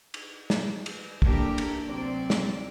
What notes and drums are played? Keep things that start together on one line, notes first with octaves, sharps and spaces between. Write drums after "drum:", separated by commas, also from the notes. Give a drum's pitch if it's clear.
drum: cymbal
drum: snare
drum: cymbal
A#3 D4 E4 G4 A4 A#4, drum: kick
drum: cymbal
D2 C3 F#3 C4 D5
drum: snare